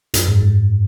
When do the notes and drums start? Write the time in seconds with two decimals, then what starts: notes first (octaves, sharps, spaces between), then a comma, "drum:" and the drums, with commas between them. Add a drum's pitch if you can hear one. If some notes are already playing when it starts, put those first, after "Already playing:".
0.14 F#2, drum: hi-hat
0.28 G#2
0.42 G#2